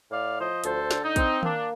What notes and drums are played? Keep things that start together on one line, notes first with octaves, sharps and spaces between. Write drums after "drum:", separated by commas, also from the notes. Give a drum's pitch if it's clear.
A2 D5 F5
F3 C5 D#5
D2 A4 C5, drum: hi-hat
D3, drum: snare
D#4
C4, drum: kick A#1, hi-hat
A#3 D4, drum: tom D#3